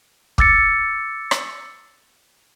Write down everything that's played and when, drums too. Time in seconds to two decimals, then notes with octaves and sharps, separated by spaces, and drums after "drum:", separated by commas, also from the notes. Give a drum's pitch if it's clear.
0.38 D6 E6 A6 C#7, drum: kick
1.31 drum: rim click